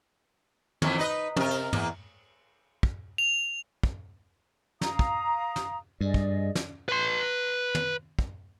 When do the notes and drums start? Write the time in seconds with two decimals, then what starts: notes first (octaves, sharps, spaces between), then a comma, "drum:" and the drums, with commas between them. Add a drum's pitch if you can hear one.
0.82 F2 D#3 E3, drum: tom
0.98 D#4 B4 D#5
1.36 C3 A#4, drum: tom
1.51 drum: cymbal
1.73 E2 A#3, drum: tom
2.83 drum: kick
3.18 F7
3.83 drum: kick
4.81 F5 A#5 D#6, drum: snare
4.99 drum: kick
5.56 drum: snare
6.01 G2 G#4 D5 D#5
6.14 drum: kick
6.55 drum: snare
6.89 B4 C6
7.75 drum: tom
8.19 drum: kick